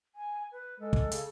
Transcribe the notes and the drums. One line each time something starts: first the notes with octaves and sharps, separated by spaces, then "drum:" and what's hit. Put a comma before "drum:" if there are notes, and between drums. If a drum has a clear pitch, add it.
G#5
B4
G#3 A4
drum: kick
C#3, drum: hi-hat